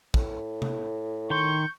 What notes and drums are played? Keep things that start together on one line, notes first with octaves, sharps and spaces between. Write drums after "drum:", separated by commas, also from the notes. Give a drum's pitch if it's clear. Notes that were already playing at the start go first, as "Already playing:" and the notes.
A2, drum: kick
drum: tom C3
D#3 C6 C#6 G6